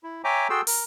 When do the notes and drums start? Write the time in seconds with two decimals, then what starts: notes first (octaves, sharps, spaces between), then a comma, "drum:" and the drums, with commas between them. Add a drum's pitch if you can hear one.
0.03 E4
0.24 C#5 E5 G5 G#5 A#5 D6
0.50 F#4 G#4 A4 G5 C6 E6
0.67 A#4, drum: open hi-hat